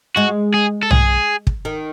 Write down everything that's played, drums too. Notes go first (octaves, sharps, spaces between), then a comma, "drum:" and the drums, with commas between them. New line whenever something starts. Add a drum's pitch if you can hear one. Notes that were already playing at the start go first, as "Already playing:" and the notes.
G#3 F#4
G#4
A4
G#4, drum: tom
drum: kick
D#3